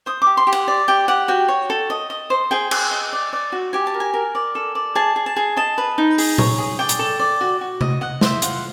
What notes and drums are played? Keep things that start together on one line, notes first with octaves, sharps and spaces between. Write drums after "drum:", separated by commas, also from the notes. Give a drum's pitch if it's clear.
C5 D#6
G4 D6
C6
G4
F#5, drum: cymbal
D5
G4 G5
G4 F#5
F#4 G5
C#5
A4
D#5
D#5
C5
G#4 G5
G#4, drum: cymbal
D#5
D5
D5
F#4
G4 G#5
A5
A#4
G#5
A#4
D5
A4
D5
G#4 A5
G#4
A5
G#4
D#5 A5
B4
D#4
G#4, drum: open hi-hat
C#5, drum: tom A#2
G#4
D5 G5
drum: hi-hat
A4
D5
F#4
F#4
D#5, drum: tom C3
D#5 F#5
C5 E5, drum: snare
F4 F#5, drum: hi-hat